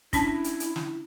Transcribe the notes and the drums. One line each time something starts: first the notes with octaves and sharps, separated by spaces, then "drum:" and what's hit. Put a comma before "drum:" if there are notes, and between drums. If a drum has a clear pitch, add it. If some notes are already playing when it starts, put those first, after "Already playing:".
C#4 D4 E4 A5, drum: kick, hi-hat
drum: hi-hat
drum: hi-hat
drum: snare